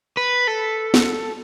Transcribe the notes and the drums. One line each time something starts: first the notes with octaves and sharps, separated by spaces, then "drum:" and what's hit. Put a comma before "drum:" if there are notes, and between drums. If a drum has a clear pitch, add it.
B4
A4
drum: snare